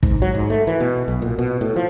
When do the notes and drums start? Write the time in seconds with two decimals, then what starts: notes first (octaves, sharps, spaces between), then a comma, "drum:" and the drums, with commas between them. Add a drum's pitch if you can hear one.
0.03 G#2, drum: kick
0.22 F#3
0.34 G#2
0.50 A3
0.67 E3
0.80 B2
1.08 B1
1.22 A#2
1.39 B2
1.61 A2
1.76 F3